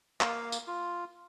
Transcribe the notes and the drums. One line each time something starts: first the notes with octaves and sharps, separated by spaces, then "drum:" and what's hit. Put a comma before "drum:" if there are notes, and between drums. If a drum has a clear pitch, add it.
A#3 F5, drum: clap
drum: tambourine
F4